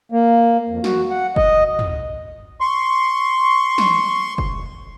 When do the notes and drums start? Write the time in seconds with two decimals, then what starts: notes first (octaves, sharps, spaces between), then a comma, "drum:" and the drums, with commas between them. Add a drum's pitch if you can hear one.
0.12 A#3
0.69 F2
0.84 F#4, drum: snare
1.10 F#5
1.36 D#5, drum: kick
1.79 drum: tom
2.61 C6 C#6
3.78 drum: snare
4.38 drum: kick